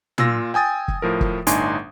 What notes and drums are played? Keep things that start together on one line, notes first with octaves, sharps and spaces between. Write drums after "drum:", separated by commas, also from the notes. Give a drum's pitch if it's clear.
A#2 F4 E6 A#6, drum: tom
G5 G#5 D#6 A6
drum: kick
A2 F3 A#4
drum: kick
G1 A2 D4 D#4 G#5 C6, drum: hi-hat